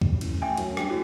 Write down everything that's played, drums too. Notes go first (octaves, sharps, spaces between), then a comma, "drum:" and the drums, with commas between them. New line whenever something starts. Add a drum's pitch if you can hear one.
drum: kick D2
A1, drum: cymbal
E5 G5 G#5
F#2, drum: cymbal
G2, drum: rim click
A2 F#4